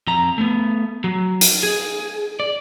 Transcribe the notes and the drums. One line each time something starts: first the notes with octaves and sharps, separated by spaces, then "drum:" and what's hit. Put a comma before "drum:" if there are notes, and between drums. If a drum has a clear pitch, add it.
F2 A#5
A3 B3
F#3
drum: hi-hat
G#4
D5